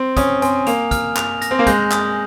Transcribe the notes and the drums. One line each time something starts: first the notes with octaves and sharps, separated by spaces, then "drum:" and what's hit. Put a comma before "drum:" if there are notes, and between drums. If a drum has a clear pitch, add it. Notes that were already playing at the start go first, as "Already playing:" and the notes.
Already playing: C4
C#4 D#6, drum: kick, hi-hat
C4 G#5, drum: hi-hat
A#3 F7, drum: hi-hat
F6, drum: kick, hi-hat
F7, drum: clap
A#6, drum: hi-hat
C4
A#3
G#3 G6, drum: kick, hi-hat
D#6, drum: clap